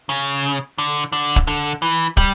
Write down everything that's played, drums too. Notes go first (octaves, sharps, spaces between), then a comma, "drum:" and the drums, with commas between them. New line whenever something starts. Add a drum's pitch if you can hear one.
C#3
D3
D3
drum: kick
D3
E3
G3, drum: kick